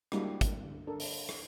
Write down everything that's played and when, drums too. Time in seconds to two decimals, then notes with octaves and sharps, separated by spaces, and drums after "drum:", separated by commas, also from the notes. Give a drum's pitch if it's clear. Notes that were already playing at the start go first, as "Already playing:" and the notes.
0.12 G3 G#3 A#3 D4 E4 F#4, drum: rim click
0.41 drum: kick, hi-hat
0.65 D3
0.87 D4 A4 A#4
1.00 drum: open hi-hat
1.29 drum: rim click